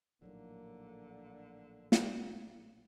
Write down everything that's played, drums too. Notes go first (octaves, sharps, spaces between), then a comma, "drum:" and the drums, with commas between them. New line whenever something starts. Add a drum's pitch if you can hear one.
A#1 A2 D3 F3 F#3 A#3 D#4
drum: snare